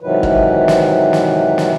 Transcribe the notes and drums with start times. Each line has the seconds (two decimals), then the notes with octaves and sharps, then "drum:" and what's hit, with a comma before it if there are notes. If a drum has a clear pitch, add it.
0.01 G#2 C3 D#3 E3 F#3 B4
0.23 drum: kick
0.68 drum: snare
1.13 drum: snare
1.58 drum: snare